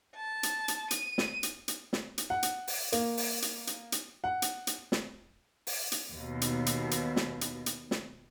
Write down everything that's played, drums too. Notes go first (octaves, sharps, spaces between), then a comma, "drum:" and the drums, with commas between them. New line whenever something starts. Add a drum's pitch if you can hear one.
A5
drum: hi-hat
drum: hi-hat
D#7, drum: hi-hat
drum: snare
drum: hi-hat
drum: hi-hat
drum: snare
drum: hi-hat
F#5
drum: hi-hat
drum: open hi-hat
A#3, drum: hi-hat
drum: open hi-hat
drum: hi-hat
drum: hi-hat
drum: hi-hat
F#5
drum: hi-hat
drum: hi-hat
drum: snare
drum: open hi-hat
drum: hi-hat
D#2 B2
drum: hi-hat
drum: hi-hat
drum: hi-hat
drum: snare
drum: hi-hat
drum: hi-hat
drum: snare